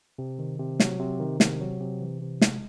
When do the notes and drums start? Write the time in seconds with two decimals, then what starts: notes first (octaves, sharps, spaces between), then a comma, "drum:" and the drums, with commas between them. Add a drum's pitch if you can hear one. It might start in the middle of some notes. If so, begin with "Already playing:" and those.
0.18 C3
0.39 D#3
0.59 C3
0.80 F#3, drum: snare
1.00 C3
1.20 D#3
1.40 C3, drum: snare
1.60 F#3
1.80 C3
2.01 E3
2.22 C3
2.41 G#3, drum: snare